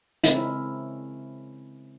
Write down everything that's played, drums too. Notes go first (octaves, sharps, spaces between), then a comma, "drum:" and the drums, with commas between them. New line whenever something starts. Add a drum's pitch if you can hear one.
C#3 G#3 C4 C#4 E4 A#4, drum: hi-hat